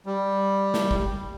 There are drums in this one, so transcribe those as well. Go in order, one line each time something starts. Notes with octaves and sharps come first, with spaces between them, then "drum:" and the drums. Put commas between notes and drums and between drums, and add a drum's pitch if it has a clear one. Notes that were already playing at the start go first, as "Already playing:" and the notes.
G3
drum: snare
drum: kick